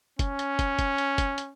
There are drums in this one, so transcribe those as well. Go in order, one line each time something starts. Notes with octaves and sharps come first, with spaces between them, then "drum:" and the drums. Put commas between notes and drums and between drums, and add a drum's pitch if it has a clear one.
C#4, drum: kick, hi-hat
drum: hi-hat
drum: kick, hi-hat
drum: kick, hi-hat
drum: hi-hat
drum: kick, hi-hat
drum: hi-hat